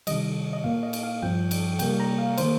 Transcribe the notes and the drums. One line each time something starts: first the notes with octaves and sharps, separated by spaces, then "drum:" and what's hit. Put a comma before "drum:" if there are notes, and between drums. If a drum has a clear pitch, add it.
C3 D#3 G3 D#5, drum: cymbal
D#5
A#2 A#3 F5
D#5
drum: cymbal
F5
G2 F3 C4 G5
drum: cymbal
C3 G3 A#3 G5, drum: cymbal
A#5
F5
D#3 A#3 C5, drum: cymbal